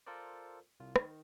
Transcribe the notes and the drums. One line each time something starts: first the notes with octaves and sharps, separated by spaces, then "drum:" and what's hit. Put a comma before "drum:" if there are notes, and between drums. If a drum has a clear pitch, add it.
F4 A4 A#4 C5 D5
C2 F4
D#3, drum: rim click